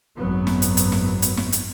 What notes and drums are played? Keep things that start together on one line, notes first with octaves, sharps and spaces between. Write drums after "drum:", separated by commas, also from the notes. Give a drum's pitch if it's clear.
G#1 F#2 F#3 B3
drum: snare
drum: hi-hat
drum: hi-hat
drum: snare
drum: hi-hat
drum: snare
drum: hi-hat